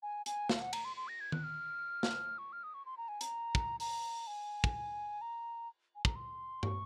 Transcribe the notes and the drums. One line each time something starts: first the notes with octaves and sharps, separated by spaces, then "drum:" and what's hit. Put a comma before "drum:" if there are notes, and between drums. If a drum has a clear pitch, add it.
G#5
G#5, drum: hi-hat
F5, drum: snare
F#5
A#5, drum: cymbal
C6
C6
A#6
G#6
F#6, drum: tom D#3
F6
drum: snare
C#6
F6
D#6
C#6
C6
A#5
G#5
A#5, drum: hi-hat
drum: kick
A#5, drum: open hi-hat
G#5
drum: kick
A#5
G#5
A#5, drum: kick
C6
C#6, drum: tom